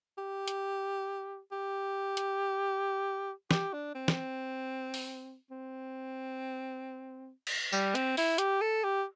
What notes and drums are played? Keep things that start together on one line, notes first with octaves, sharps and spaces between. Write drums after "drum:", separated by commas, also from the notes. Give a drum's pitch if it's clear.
G4
drum: hi-hat
G4
drum: hi-hat
G4, drum: snare
D4
C4
drum: snare
drum: open hi-hat
C4
drum: cymbal
G3, drum: tambourine
C4, drum: hi-hat
E4, drum: open hi-hat
G4, drum: hi-hat
A4
G4